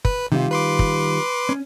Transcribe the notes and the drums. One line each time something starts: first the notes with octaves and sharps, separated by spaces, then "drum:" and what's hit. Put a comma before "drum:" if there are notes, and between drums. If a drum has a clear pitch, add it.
B4, drum: kick
C3 D#3 G3 F4
B4 C6 D6
drum: kick
C#4